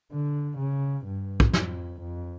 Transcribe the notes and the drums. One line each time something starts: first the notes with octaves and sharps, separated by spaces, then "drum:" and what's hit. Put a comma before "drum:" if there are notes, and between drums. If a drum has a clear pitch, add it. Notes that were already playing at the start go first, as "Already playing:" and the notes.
D3
C#3
G2
drum: kick
F2, drum: snare
F2